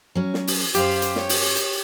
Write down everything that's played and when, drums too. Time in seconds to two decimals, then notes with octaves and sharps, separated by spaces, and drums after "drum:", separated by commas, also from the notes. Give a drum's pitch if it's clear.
0.15 F#3 C#4
0.34 drum: snare
0.47 drum: open hi-hat
0.75 F#2 G4 C5 F5, drum: hi-hat
1.02 drum: hi-hat
1.16 C#5, drum: snare
1.29 drum: open hi-hat
1.57 drum: hi-hat